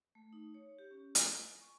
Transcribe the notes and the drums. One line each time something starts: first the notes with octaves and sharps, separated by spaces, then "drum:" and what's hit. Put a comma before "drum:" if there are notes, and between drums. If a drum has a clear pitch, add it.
A3
D#4
C#5
G4
C#4
G#5, drum: hi-hat
C#6